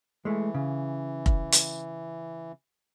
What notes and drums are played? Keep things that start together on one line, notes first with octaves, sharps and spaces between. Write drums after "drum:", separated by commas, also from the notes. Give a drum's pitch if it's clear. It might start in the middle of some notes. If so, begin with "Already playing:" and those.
E3 G#3 A3
C#3
drum: kick F1
drum: hi-hat